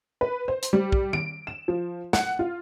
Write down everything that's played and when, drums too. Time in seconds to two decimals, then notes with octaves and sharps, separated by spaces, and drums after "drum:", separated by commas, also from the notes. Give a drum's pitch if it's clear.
0.21 B4
0.48 C5
0.63 drum: hi-hat
0.73 G3
0.92 drum: kick
1.13 D7, drum: tom D#3
1.47 E7
1.68 F3
2.13 F#5, drum: snare
2.39 F4